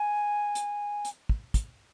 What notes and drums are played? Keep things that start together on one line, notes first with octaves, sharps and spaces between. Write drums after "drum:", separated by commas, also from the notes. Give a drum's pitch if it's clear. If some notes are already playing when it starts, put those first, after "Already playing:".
Already playing: G#5
drum: hi-hat
drum: hi-hat
drum: kick
drum: kick, hi-hat